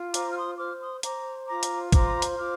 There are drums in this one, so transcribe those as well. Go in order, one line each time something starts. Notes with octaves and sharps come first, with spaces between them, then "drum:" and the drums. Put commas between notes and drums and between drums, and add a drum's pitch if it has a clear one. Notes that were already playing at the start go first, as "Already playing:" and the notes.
Already playing: F4
C5 A#5 D6, drum: hi-hat
F6
C6 D#6
C5 D6 F6
C6 D#6
C5 A#5 D6, drum: hi-hat
F4 A#5 D6
drum: hi-hat
C5 A#5 D6, drum: kick, hi-hat
drum: hi-hat
F4 D6 F6